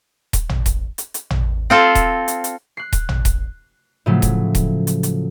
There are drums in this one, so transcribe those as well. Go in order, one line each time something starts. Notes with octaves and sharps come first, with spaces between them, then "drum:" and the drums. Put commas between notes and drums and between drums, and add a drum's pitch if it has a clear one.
drum: kick D#1, hi-hat
drum: tom
drum: kick D#1, hi-hat
drum: hi-hat
drum: hi-hat
drum: tom
C4 F4 A4
drum: kick D#1, hi-hat
drum: hi-hat
drum: hi-hat
F#6 C7
drum: kick D#1, hi-hat
drum: tom
drum: kick D#1, hi-hat
A2 C#3 F3 F#3 A3
drum: kick D#1, hi-hat
drum: kick D#1, hi-hat
drum: hi-hat
drum: hi-hat